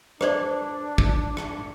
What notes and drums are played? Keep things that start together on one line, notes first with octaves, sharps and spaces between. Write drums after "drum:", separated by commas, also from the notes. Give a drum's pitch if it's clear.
D4 B4 C5 D5, drum: rim click
drum: kick
drum: rim click